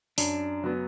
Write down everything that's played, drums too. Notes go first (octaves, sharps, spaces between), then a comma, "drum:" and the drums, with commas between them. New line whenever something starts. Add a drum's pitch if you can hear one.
F#2 D4, drum: open hi-hat
F#3 B3